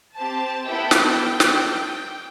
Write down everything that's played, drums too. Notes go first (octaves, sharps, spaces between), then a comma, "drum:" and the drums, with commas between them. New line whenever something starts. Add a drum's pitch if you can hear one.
C4 G4 A5
B3 E4 A4 G5
drum: snare
drum: snare